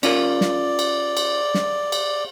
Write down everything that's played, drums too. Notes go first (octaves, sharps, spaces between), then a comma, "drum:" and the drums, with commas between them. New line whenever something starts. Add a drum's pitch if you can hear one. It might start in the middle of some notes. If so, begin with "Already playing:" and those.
C#4 F4 A#4 D5, drum: cymbal
drum: snare
drum: cymbal
drum: cymbal
drum: snare
drum: cymbal